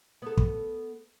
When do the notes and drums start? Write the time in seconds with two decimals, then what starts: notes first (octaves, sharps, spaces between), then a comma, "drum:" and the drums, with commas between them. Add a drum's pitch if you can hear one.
0.22 B3 A4
0.37 drum: kick